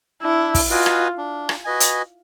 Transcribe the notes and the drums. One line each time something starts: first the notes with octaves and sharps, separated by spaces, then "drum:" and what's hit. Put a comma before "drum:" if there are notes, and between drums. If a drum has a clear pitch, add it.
D4 E4
drum: kick, open hi-hat
F4 F#4 B4 D#5 G#5
drum: rim click
D4
drum: rim click
F#4 B4 D#5 G#5
drum: hi-hat